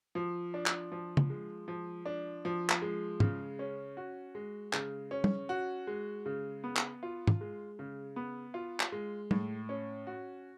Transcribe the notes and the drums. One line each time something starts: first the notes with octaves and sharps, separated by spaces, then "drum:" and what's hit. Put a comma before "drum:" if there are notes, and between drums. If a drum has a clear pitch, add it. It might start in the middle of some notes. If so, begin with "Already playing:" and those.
F3
D4
drum: clap
F3
drum: tom
G#3
F3
D4
F3
drum: clap
G#3
C#3, drum: tom
C#4
F#4
G#3
C#3, drum: clap
C#4
drum: tom
F#4
G#3
C#3
B3
drum: clap
F4
drum: tom
G#3
C#3
B3
F4
drum: clap
G#3
A2, drum: tom
C#4
F#4